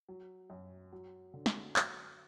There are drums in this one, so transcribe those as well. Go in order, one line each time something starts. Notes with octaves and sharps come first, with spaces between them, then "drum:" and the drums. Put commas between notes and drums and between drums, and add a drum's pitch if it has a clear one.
F#3
F#2
F#3
D3
drum: snare
F#3, drum: clap